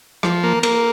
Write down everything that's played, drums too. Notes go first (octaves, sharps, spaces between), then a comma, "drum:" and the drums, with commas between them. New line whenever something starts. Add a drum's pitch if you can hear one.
F3, drum: rim click
A#3
A#3, drum: cymbal